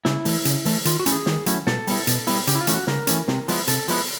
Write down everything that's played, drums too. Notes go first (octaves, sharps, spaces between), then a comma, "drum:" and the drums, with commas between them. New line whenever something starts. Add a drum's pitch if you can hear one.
C#3 E4, drum: snare
E3 A3, drum: open hi-hat
C#3, drum: hi-hat
E3 A3, drum: open hi-hat
D#3 F4, drum: hi-hat
F#4
F#3 A3 C#4 E4, drum: hi-hat
G#4
D#3, drum: snare
F#3 A3 C#4 E4, drum: hi-hat
B2 A4, drum: snare
G3 B3 E4, drum: open hi-hat
B2, drum: hi-hat
G3 B3 E4, drum: open hi-hat
C#3 G4, drum: hi-hat
E4
F4
E3 A3 C#4, drum: hi-hat
F#4
C#3 A#4, drum: snare
E3 A3 C#4, drum: hi-hat
C3, drum: snare
F3 G#3 B3 E4, drum: open hi-hat
C3 A4, drum: hi-hat
F3 G#3 B3 E4, drum: open hi-hat